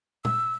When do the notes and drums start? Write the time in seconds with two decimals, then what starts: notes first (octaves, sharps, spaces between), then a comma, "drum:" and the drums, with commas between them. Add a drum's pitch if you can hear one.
0.25 E6, drum: tom